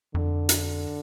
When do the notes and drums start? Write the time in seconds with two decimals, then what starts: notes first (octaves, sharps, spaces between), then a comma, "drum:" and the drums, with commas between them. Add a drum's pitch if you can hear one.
0.14 F2 D3
0.49 drum: hi-hat